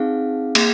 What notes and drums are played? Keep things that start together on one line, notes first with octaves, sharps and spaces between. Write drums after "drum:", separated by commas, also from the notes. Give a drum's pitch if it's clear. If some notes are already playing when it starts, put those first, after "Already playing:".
Already playing: C4 D#4 G#4 F5
A#3 G#4, drum: cymbal